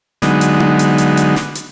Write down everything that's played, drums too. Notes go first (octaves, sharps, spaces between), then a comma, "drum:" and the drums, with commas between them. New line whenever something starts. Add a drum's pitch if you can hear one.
D3 F#3 G#3 B3 D#4, drum: snare
drum: hi-hat
drum: tom D4
drum: hi-hat
drum: hi-hat
drum: hi-hat
drum: snare
drum: hi-hat